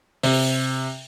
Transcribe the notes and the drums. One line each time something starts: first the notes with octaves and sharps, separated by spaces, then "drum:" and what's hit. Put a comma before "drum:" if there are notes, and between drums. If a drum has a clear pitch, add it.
C3, drum: open hi-hat